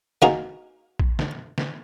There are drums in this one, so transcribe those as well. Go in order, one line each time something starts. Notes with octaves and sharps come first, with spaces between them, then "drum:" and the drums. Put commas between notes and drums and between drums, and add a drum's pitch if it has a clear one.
A#3 D#4 F#4 G#4 A#4, drum: snare
drum: kick
drum: snare
drum: snare